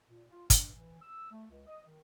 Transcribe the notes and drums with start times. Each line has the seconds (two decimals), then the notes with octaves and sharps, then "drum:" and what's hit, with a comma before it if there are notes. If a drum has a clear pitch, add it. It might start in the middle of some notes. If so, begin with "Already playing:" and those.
0.10 A#2
0.29 F4
0.50 G2, drum: kick, hi-hat
0.74 E3
1.01 E6
1.31 A3
1.50 C#2
1.67 D#5
1.85 D#3